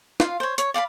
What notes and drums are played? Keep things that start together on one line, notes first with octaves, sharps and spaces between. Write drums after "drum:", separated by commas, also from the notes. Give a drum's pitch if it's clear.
F4 F5, drum: snare
C5 C#5
C#5, drum: hi-hat
D5 F5 G#5 B5